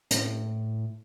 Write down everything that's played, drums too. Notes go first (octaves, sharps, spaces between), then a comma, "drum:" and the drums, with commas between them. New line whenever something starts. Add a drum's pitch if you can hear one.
A2, drum: hi-hat